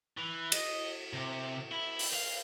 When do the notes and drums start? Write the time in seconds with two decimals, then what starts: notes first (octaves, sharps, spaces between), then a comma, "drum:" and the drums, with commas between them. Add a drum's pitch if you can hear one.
0.18 E3
0.52 D#5, drum: cymbal
1.13 C3
1.72 E4
1.99 drum: open hi-hat
2.14 F5